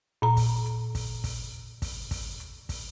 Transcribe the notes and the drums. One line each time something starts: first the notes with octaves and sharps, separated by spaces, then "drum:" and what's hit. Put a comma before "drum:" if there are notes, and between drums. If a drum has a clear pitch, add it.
A#2 A#5
drum: kick, open hi-hat
drum: hi-hat
drum: kick, open hi-hat
drum: kick, open hi-hat
drum: kick, open hi-hat
drum: kick, open hi-hat
drum: hi-hat
drum: kick, open hi-hat